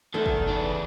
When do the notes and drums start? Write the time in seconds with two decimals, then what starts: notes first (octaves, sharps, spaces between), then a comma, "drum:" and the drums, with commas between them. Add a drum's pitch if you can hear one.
0.14 E2 D3 D#3 A3 A4
0.26 drum: kick
0.48 C#3 E3 D4